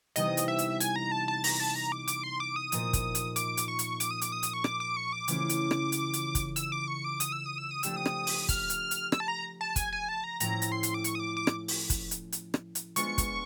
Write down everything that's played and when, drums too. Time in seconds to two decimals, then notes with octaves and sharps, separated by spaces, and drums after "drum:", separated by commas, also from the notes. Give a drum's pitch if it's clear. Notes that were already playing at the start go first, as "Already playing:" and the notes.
0.16 C3 E3 G3 B3 D#4 D#5, drum: hi-hat
0.37 drum: hi-hat
0.48 E5
0.59 drum: hi-hat
0.80 G#5, drum: hi-hat
0.96 A#5
1.12 A5
1.28 A5
1.44 A#5, drum: open hi-hat
1.60 A5
1.75 A#5
1.92 D6
2.08 D6, drum: hi-hat
2.23 C6
2.40 D6
2.56 D#6
2.72 A#2 F3 A#3 D#4, drum: hi-hat
2.93 drum: kick, hi-hat
3.15 drum: hi-hat
3.36 D6, drum: hi-hat
3.57 drum: hi-hat
3.68 C#6
3.79 drum: hi-hat
4.00 D6, drum: hi-hat
4.11 D#6
4.21 D6, drum: hi-hat
4.32 D#6
4.43 drum: hi-hat
4.53 C#6
4.64 D6, drum: rim click
4.80 D6
4.97 C#6
5.13 D6
5.28 C#3 E3 A3 C#4 F4, drum: hi-hat
5.49 drum: hi-hat
5.71 drum: rim click
5.92 drum: hi-hat
6.13 drum: hi-hat
6.35 drum: kick, hi-hat
6.56 E6, drum: hi-hat
6.72 D6
6.88 C#6
7.04 D6
7.20 D#6, drum: hi-hat
7.32 E6
7.46 D#6
7.58 E6
7.71 D#6
7.83 F3 A3 D4 G4 E6, drum: hi-hat
7.96 D#6
8.06 drum: rim click
8.27 drum: open hi-hat
8.49 F6, drum: kick, hi-hat
8.70 drum: hi-hat
8.91 drum: hi-hat
9.12 E6, drum: rim click
9.20 A5
9.28 A#5
9.61 A5
9.76 G#5, drum: kick, hi-hat
9.93 G#5
10.09 A5
10.24 A#5
10.40 A2 F3 A3 C#4 E4 A#5, drum: hi-hat
10.62 drum: hi-hat
10.72 C6
10.83 drum: hi-hat
10.94 D6
11.04 C#6, drum: hi-hat
11.15 D#6
11.20 D6
11.37 D6
11.47 drum: rim click
11.68 drum: open hi-hat
11.90 drum: kick, hi-hat
12.11 drum: hi-hat
12.32 drum: hi-hat
12.54 drum: rim click
12.75 drum: hi-hat
12.96 G#3 B3 D4 F4 C#6, drum: hi-hat
13.18 drum: kick, hi-hat